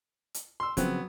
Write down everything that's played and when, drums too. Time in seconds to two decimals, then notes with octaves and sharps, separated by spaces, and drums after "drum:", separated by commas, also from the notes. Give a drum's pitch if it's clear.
0.34 drum: hi-hat
0.60 C6 E6
0.77 C#3 F3 F#3 B3 C4, drum: kick, hi-hat